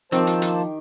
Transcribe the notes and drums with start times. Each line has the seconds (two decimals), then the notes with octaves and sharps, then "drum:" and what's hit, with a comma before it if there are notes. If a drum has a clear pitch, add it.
0.12 D#3 F3 A#3 C4 G4 C5 A5, drum: hi-hat
0.27 drum: hi-hat
0.42 drum: hi-hat